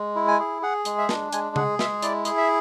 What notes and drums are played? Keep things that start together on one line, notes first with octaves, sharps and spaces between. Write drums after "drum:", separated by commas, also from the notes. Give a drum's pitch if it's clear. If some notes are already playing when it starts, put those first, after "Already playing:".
Already playing: G#3
E4
G#5
G#4
G#4 F#5
G#3, drum: hi-hat
E5
D4, drum: snare
G#3 G#5, drum: hi-hat
G#4 F#5, drum: tom C#3
G#3 E5, drum: snare
E4 D5, drum: hi-hat
G#4, drum: hi-hat
E5